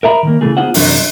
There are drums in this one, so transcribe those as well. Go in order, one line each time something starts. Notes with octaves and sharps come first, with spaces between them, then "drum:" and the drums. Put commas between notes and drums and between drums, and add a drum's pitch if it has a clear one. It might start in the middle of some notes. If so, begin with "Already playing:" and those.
A#4 E5 A#5 B5
D#3 A#3
C#3 E3 A3 G#4
B3 D#4 F4 G#4 C5 F#5
F#2 C3 E3 F#3 D4 D#4, drum: open hi-hat